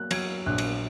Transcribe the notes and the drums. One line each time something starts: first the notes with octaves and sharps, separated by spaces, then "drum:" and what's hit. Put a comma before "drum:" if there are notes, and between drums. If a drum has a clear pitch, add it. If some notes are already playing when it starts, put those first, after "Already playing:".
Already playing: F#3 A#3 F#6
F#3 G#6, drum: cymbal
A#1 F#6
drum: cymbal